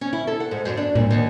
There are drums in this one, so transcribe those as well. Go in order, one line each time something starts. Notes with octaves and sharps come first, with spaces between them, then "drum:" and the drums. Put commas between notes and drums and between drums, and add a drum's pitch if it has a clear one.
C#4
E4
A4
F#5
G#2
F#2
D4
A#2, drum: tom A2
D#2